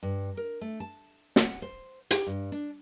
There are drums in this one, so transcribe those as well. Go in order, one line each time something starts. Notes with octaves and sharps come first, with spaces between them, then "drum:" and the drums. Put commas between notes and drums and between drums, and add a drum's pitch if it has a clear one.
G2
A#4
A3
A5
F#5, drum: snare
C5
G4, drum: hi-hat
G2
D4